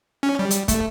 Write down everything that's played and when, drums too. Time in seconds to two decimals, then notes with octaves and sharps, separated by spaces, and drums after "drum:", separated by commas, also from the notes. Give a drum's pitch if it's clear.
0.23 C#4
0.39 G3
0.51 drum: hi-hat
0.68 A3, drum: kick, hi-hat